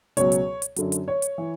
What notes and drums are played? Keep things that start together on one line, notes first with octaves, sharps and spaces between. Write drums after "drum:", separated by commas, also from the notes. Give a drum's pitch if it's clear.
C#2 B2 F#3 C#5, drum: hi-hat
drum: hi-hat
drum: hi-hat
F#2 D3 F#3, drum: hi-hat
drum: hi-hat
C#5
drum: hi-hat
E3